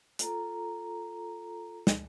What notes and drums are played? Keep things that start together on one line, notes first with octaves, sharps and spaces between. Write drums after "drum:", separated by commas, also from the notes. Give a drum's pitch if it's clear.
F4 A4 A#5, drum: hi-hat
drum: snare